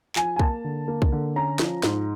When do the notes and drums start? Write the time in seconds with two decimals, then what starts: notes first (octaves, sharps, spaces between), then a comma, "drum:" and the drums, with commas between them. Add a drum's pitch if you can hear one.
0.16 F3 G#5, drum: clap
0.36 G#5
0.39 A#3 A5, drum: kick
0.64 D3
0.88 A#3
1.02 drum: kick
1.12 D3
1.36 C#4 A#5
1.59 F3, drum: snare
1.83 G#2, drum: snare